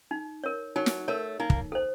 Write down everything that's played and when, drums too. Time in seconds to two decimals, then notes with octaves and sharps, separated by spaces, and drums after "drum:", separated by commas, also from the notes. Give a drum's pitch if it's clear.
0.11 D#4
0.44 A#4 C#5
0.76 F#3 D#4
0.86 drum: snare
1.08 A3 A#4 C#5
1.40 A#3 D#4
1.50 drum: kick
1.72 A4 C5